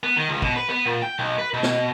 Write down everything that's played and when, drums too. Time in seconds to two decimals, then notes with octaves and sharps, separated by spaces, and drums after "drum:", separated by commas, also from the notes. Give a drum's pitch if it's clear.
0.03 B3
0.16 D#3
0.29 C#2
0.42 B2, drum: kick
0.56 B4
0.70 B3
0.86 A#2
1.02 G5
1.19 B1
1.38 B4
1.54 B2
1.63 drum: snare